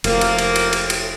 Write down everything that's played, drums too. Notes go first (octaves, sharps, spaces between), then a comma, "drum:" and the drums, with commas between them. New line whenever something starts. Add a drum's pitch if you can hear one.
F1 F3 A#3, drum: cymbal
drum: cymbal
drum: cymbal
drum: cymbal
drum: cymbal
drum: cymbal